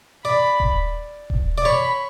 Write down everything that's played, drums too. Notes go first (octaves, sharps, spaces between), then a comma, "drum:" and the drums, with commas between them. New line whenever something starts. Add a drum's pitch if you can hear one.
D5 B5
drum: kick D#1
drum: kick D#1
D5
C#5 B5